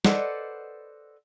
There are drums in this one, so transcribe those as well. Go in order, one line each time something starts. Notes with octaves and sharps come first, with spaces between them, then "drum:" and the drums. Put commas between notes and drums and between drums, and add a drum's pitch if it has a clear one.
A4 B4 C5 D5 D#5 F#5, drum: snare